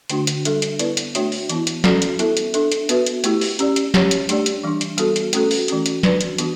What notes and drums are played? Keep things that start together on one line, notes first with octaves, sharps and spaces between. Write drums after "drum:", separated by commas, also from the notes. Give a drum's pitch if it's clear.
D3 A3 D4 F#4, drum: hi-hat
drum: hi-hat
G3 D4 A4 E5, drum: hi-hat
drum: hi-hat
B3 E4 B4 D5, drum: hi-hat
drum: hi-hat
A3 D4 F#4 C#5 E5, drum: hi-hat
drum: open hi-hat
E3 B3 E4, drum: hi-hat
drum: hi-hat
G3 C#4 F#4 A4 D5, drum: snare
drum: hi-hat
B3 E4 A4 E5, drum: hi-hat
drum: hi-hat
D4 A4 E5, drum: hi-hat
drum: hi-hat
B3 F#4 B4 E5, drum: hi-hat
drum: hi-hat
A3 E4 G4, drum: hi-hat
drum: open hi-hat
C#4 G4 D5, drum: hi-hat
drum: hi-hat
G3 C#4 G4 C#5, drum: snare
drum: hi-hat
A3 D4 G4 D5, drum: hi-hat
drum: hi-hat
E3 G3 D4
drum: hi-hat
G3 B3 F#4 A4, drum: hi-hat
drum: hi-hat
A3 C#4 F#4 A4, drum: hi-hat
drum: open hi-hat
E3 A3 C#4 F#4, drum: hi-hat
drum: hi-hat
D4 F#4 B4 D5, drum: snare
drum: hi-hat
E3 B3 D4 F#4, drum: hi-hat